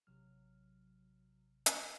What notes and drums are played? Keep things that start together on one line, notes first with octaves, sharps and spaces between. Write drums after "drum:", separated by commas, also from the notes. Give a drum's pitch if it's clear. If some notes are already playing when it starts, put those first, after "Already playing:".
A1 C3 F#3 F6
drum: hi-hat